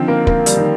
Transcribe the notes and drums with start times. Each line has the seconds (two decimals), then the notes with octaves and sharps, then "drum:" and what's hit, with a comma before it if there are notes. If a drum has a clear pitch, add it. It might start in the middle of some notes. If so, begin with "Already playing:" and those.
Already playing: D3 D#3 F3 C4
0.08 A#3
0.27 A#3, drum: kick
0.46 G3, drum: hi-hat
0.57 D#3